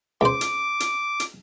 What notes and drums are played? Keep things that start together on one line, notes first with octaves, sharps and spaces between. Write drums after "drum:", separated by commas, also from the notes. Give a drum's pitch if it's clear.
C#2 C5 D6
drum: hi-hat
drum: hi-hat
drum: hi-hat